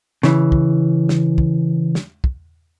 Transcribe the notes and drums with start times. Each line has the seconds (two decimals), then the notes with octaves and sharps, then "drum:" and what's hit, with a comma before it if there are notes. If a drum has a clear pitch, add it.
0.23 C#3 E3, drum: snare
0.52 drum: kick
1.09 drum: snare
1.38 drum: kick
1.95 drum: snare
2.24 drum: kick